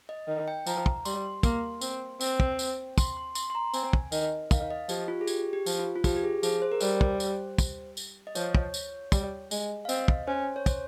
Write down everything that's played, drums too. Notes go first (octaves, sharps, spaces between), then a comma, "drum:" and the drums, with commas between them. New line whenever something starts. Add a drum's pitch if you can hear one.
D#5
D#3
G5
F3 A#5, drum: tambourine
drum: kick
G3 C6, drum: tambourine
A#3 C6, drum: kick, tambourine
C4, drum: tambourine
C4, drum: tambourine
drum: kick
drum: tambourine
C6, drum: kick, tambourine
C6
C6, drum: tambourine
C6
A#5
C4 G#5, drum: tambourine
drum: kick
D#3, drum: tambourine
D#3 F5, drum: kick, tambourine
D#5
F3 G4, drum: tambourine
F4
G#4
G4, drum: tambourine
G4
F3, drum: tambourine
F4
F4
F3 G4, drum: kick, tambourine
G4
G#4
F3 G#4, drum: tambourine
C5
A#4
G3 C5, drum: tambourine
drum: kick
drum: tambourine
drum: kick, tambourine
drum: tambourine
D#5
F3 C#5, drum: tambourine
drum: kick
drum: tambourine
G3, drum: kick, tambourine
G#3, drum: tambourine
F5
C4 D#5, drum: tambourine
drum: kick
C#4 C5
C#5
C5, drum: kick, tambourine